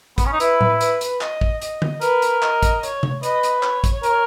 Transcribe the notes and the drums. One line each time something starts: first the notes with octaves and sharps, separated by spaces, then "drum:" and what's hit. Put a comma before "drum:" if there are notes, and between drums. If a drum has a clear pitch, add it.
B3, drum: kick, hi-hat
C#4
D#4
E4 B4, drum: hi-hat
drum: tom A2
B4, drum: hi-hat
drum: hi-hat
D#5, drum: clap
drum: kick
D#5, drum: hi-hat
drum: tom D3
A#4 B4, drum: hi-hat
drum: hi-hat
D#5, drum: clap
drum: kick, hi-hat
C#5, drum: hi-hat
drum: tom C3
B4 D#5, drum: hi-hat
drum: hi-hat
C#5, drum: clap
drum: kick, hi-hat
A#4, drum: hi-hat